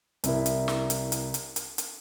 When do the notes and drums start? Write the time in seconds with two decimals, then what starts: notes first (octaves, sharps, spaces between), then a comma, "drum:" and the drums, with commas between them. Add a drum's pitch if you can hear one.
0.24 C2 E4 A#4, drum: hi-hat
0.46 drum: hi-hat
0.68 drum: snare
0.90 drum: hi-hat
1.12 drum: hi-hat
1.34 drum: hi-hat
1.56 drum: hi-hat
1.78 drum: hi-hat